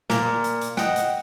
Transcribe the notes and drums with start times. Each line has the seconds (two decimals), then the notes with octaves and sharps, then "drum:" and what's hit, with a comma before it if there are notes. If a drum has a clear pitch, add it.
0.10 A#2 A#4, drum: snare
0.44 drum: hi-hat
0.61 drum: hi-hat
0.77 D#5 F#5 G5, drum: snare
0.96 drum: hi-hat